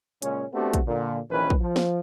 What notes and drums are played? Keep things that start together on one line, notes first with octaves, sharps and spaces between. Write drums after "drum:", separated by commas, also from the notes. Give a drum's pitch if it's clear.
A#2 C#3 G#3 C#4, drum: hi-hat
A3 B3 C4 D4 F#4 G4
drum: kick, hi-hat
A#2 D3
A#1 D#3 E3 C#4 B4
drum: kick
F3
drum: snare